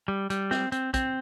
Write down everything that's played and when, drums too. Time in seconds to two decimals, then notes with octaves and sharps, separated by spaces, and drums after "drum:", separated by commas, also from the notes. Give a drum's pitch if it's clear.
0.08 G3
0.30 G3, drum: hi-hat
0.51 C4, drum: snare
0.72 C4, drum: hi-hat
0.94 C4, drum: kick, hi-hat